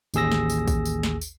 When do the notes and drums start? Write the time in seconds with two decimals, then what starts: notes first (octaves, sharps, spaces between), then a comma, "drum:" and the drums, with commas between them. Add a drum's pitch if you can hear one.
0.14 A1 D#2 G#4 E6 A#6, drum: tambourine
0.32 drum: snare
0.50 drum: tambourine
0.67 drum: kick, tambourine
0.85 drum: tambourine
1.03 drum: snare
1.21 drum: tambourine